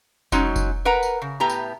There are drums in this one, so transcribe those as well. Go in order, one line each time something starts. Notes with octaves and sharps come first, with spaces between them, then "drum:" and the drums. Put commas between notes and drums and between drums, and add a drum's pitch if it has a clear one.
F#3 G#3 C#4 D#4, drum: kick F1, tambourine
drum: kick F1, tambourine
A#4 B4 F#5 A#5
drum: tambourine
C#3
A2 B3 G4 A#5
drum: tambourine